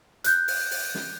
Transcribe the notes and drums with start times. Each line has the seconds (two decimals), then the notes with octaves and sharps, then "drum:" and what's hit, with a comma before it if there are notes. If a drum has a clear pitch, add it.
0.24 F#6 G6, drum: hi-hat
0.48 drum: open hi-hat
0.71 drum: open hi-hat
0.95 drum: snare